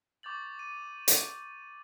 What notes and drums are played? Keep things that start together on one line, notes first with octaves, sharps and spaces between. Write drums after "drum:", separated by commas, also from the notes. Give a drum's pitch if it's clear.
C#6 D6 G6 A6 F#7
D#7
drum: hi-hat